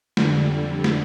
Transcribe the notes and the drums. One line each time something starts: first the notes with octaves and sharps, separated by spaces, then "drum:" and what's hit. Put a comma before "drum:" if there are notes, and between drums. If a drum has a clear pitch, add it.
F2 D3 G3, drum: snare
drum: snare